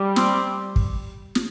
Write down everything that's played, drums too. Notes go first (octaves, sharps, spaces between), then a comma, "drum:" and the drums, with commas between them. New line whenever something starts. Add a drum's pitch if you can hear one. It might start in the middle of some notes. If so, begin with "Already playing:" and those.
Already playing: G3
C4, drum: snare
drum: kick
drum: snare